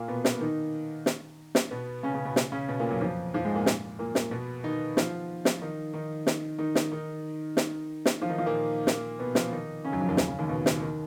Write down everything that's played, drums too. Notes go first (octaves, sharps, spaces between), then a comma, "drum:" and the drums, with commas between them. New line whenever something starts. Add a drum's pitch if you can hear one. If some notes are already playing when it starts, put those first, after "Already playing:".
Already playing: A#2 A#3
B2 B3
drum: snare
D#3 D#4
drum: snare
drum: snare
B2 B3
C#3 C#4
C#3 C#4
B2 B3
drum: snare
C#3 C#4
B2 B3
A#2 A#3
F#2 F#3
F2 F3
F2 F3
G#2 G#3
A#2 A#3
drum: snare
A#2 A#3
drum: snare
B2 B3
D#3 D#4
F3 F4, drum: snare
drum: snare
D#3 D#4
D#3 D#4
drum: snare
D#3 D#4
drum: snare
D#3 D#4
drum: snare
drum: snare
F3 F4
D#3 D#4
F3 F4
A#2 A#3
drum: snare
B2 B3
F3 F4, drum: snare
D#3 D#4
C#3 C#4
F#2 F#3
F2 F3
D#2 D#3
C#3, drum: snare
C#3
D#2 D#3
B2
drum: snare
D#3